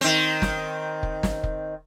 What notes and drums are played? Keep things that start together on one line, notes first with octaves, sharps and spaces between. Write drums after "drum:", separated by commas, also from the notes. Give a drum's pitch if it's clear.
D#3 C4
drum: snare
drum: kick F1
drum: snare
drum: kick F1